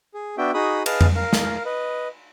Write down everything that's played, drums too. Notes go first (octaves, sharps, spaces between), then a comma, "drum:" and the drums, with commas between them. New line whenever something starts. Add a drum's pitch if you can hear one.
G#4
B3 D4 F#4 E5 G5
D#4 F#4 G#4 B5 D#6
G#4 B4 D#5 F5 A5 F6, drum: cymbal
drum: tom F2
A#4 F5
drum: snare
B4 D#5